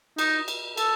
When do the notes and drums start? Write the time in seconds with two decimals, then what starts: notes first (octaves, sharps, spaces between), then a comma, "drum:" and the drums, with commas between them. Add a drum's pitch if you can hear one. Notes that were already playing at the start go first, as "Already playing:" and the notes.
0.18 D#4, drum: cymbal
0.48 drum: cymbal
0.77 A4, drum: cymbal